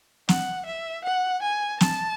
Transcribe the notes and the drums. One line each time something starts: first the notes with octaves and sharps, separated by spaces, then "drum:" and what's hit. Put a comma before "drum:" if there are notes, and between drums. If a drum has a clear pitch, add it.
F#5, drum: snare
E5
F#5
G#5
A5, drum: snare